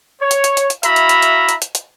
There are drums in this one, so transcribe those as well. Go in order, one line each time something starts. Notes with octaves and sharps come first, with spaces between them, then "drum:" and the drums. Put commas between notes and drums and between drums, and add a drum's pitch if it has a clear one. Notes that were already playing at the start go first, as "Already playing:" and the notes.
C#5
drum: hi-hat
drum: hi-hat
drum: hi-hat
drum: hi-hat
E4 F#4 E5 F5 A#5 B5, drum: hi-hat
drum: hi-hat
drum: hi-hat
drum: hi-hat
drum: hi-hat
drum: hi-hat
drum: hi-hat